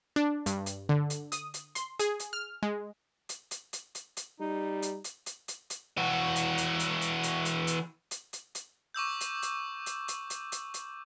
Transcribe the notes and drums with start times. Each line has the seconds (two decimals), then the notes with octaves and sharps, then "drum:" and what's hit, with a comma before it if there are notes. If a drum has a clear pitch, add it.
0.16 D4
0.46 G2, drum: hi-hat
0.66 drum: hi-hat
0.89 D3
1.10 drum: hi-hat
1.32 D#6, drum: hi-hat
1.54 drum: hi-hat
1.75 C6, drum: hi-hat
1.99 G#4, drum: hi-hat
2.19 drum: hi-hat
2.33 F6
2.63 G#3
3.29 drum: hi-hat
3.51 drum: hi-hat
3.73 drum: hi-hat
3.95 drum: hi-hat
4.17 drum: hi-hat
4.40 G3 D#4
4.82 drum: hi-hat
5.04 drum: hi-hat
5.26 drum: hi-hat
5.48 drum: hi-hat
5.70 drum: hi-hat
5.97 E3 F#4
6.36 drum: hi-hat
6.58 drum: hi-hat
6.80 drum: hi-hat
7.01 drum: hi-hat
7.23 drum: hi-hat
7.45 drum: hi-hat
7.67 drum: hi-hat
8.11 drum: hi-hat
8.33 drum: hi-hat
8.55 drum: hi-hat
8.94 C#6 D6 E6 G6
9.20 drum: hi-hat
9.42 drum: hi-hat
9.86 drum: hi-hat
10.08 drum: hi-hat
10.30 drum: hi-hat
10.52 drum: hi-hat
10.74 drum: hi-hat